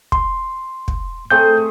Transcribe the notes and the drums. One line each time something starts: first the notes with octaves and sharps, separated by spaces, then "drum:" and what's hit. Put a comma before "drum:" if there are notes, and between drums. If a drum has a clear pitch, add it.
C6, drum: kick
drum: kick
A3 C4 G#4 G6